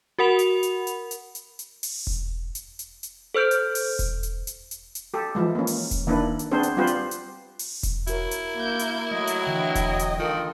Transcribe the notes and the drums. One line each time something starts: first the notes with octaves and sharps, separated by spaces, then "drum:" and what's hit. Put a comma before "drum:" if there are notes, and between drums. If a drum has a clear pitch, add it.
F#4 A#4 F#5 B5 F7
drum: hi-hat
drum: hi-hat
drum: hi-hat
drum: hi-hat
drum: hi-hat
drum: hi-hat
drum: open hi-hat
drum: kick E1
drum: hi-hat
drum: hi-hat
drum: hi-hat
A4 C5 F6 G6 D7
drum: hi-hat
drum: open hi-hat
drum: kick E1, hi-hat
drum: hi-hat
drum: hi-hat
drum: hi-hat
drum: hi-hat
G4 A4
E3 F3 G#3
A#3 C#4
drum: open hi-hat
drum: kick E1, hi-hat
D#3 A#3 D4 E4 B4
drum: hi-hat
B3 C4 D4 G#4 C5
drum: hi-hat
G3 C4 F4 G4 B4 C5
drum: hi-hat
drum: hi-hat
drum: open hi-hat
drum: kick E1, hi-hat
E4 F#4 A#4 C#5, drum: hi-hat
drum: hi-hat
A#3 G6
drum: hi-hat
F#3 A3 D#5
drum: hi-hat
D3 E3 D#5 G5
drum: kick E1, hi-hat
drum: hi-hat
D#3 F4 A4 A#4